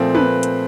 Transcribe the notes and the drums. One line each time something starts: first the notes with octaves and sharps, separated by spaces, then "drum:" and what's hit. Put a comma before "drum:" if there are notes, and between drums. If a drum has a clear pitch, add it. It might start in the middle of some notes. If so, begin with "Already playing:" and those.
Already playing: A#2 F3 A3 C4
B4, drum: tom
drum: hi-hat